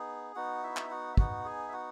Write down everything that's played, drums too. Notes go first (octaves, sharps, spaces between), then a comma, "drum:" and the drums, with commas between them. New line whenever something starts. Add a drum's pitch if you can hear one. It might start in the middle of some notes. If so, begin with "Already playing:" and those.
Already playing: B3 D#4 G#4
B3 D#4 F#4 F#5
E4 E5
drum: clap
F#4 F#5
E5
B3 D#4 F#4 F#5, drum: kick
G#4 G#5
E5
F#4 F#5